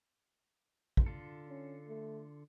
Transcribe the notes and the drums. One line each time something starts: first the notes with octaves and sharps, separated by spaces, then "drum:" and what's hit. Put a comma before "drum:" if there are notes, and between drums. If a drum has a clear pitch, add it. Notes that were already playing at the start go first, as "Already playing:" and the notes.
drum: kick
D3 F4 A4
C#4
A3